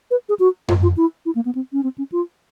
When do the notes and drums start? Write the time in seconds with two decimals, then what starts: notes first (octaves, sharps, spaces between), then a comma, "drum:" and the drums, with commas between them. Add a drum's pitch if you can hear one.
0.11 B4
0.29 G#4
0.40 F#4
0.68 F4, drum: tom F#2
0.83 F4
0.97 E4
1.26 E4
1.35 A#3
1.45 B3
1.55 C4
1.73 C#4
1.83 C4
1.98 C#4
2.12 F4